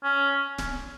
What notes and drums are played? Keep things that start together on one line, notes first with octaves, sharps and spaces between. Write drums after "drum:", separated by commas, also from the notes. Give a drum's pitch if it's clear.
C#4
drum: snare D1